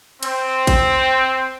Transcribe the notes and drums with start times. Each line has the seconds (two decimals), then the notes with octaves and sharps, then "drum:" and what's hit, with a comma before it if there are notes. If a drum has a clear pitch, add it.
0.23 C4, drum: cymbal
0.67 drum: kick, cymbal